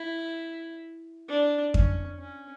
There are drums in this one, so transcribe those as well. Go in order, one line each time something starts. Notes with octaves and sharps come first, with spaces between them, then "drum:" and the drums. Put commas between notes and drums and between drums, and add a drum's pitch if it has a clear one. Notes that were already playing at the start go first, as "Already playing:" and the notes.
Already playing: E4
D4
C#4, drum: kick F2
C#4